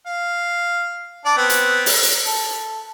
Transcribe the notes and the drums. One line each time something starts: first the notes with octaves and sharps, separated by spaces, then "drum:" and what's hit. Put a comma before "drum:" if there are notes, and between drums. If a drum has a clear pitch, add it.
F5
D4 D5
B3 C4
drum: hi-hat
drum: open hi-hat
drum: hi-hat
A4